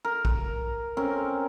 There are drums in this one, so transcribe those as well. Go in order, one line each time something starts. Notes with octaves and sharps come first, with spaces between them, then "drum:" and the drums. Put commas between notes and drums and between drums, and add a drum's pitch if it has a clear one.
A#4
drum: kick A#1
C4 C#4 A#4